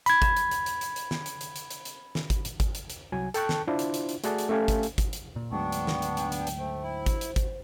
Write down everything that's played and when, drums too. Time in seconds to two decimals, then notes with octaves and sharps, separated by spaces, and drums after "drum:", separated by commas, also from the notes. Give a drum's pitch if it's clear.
0.06 B5 G#6, drum: hi-hat
0.22 drum: kick G#1, hi-hat
0.37 drum: hi-hat
0.51 drum: hi-hat
0.66 drum: hi-hat
0.81 drum: hi-hat
0.96 drum: hi-hat
1.11 drum: snare
1.26 drum: hi-hat
1.41 drum: hi-hat
1.56 drum: hi-hat
1.71 drum: hi-hat
1.85 drum: hi-hat
2.15 drum: snare
2.30 drum: kick G#1, hi-hat
2.45 drum: hi-hat
2.60 drum: kick G#1, hi-hat
2.75 drum: hi-hat
2.90 drum: hi-hat
3.12 C2 F#3 G#5
3.34 A4 G5 A5 C#6 F#6, drum: hi-hat
3.49 drum: snare
3.68 D4 E4 F4 C5
3.79 drum: hi-hat
3.94 drum: hi-hat
4.09 drum: hi-hat
4.24 A3 F#4 G#4 D5 F#5 A5, drum: hi-hat
4.38 drum: hi-hat
4.49 A3 C#4 G4 A4 F5 G#5
4.68 drum: kick G#1, hi-hat
4.83 drum: hi-hat
4.98 drum: kick G#1, hi-hat
5.13 drum: hi-hat
5.36 A#2
5.52 D2 G#2 F#3 B3 D4 G5 C#6
5.72 drum: hi-hat
5.87 drum: snare
6.02 drum: hi-hat
6.17 drum: hi-hat
6.32 drum: hi-hat
6.47 drum: hi-hat
6.58 A3 C5
6.84 E4
7.06 drum: kick G#1, hi-hat
7.21 drum: hi-hat
7.36 drum: kick G#1, hi-hat